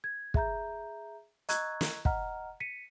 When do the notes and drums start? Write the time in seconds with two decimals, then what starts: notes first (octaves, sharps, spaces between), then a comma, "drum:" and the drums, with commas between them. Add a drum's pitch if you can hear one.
0.04 G#6
0.34 G#4 E5 A#5 G6, drum: kick
1.49 D#5 A#5 C#6 E6 F#6 G#6, drum: hi-hat
1.81 drum: snare
2.05 D#5 F#5 A#5 F6, drum: kick
2.60 B6 C#7 D#7